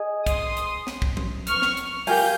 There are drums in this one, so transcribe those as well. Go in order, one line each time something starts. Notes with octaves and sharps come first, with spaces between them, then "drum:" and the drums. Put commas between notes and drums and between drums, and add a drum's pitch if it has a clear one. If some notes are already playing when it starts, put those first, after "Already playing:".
Already playing: G#4 D#5
C6 D#6, drum: kick, hi-hat
drum: hi-hat
drum: snare
drum: kick
drum: tom F3
C#6 F6, drum: hi-hat
drum: snare
drum: hi-hat
G4 A#4 F5 G#5 G6, drum: open hi-hat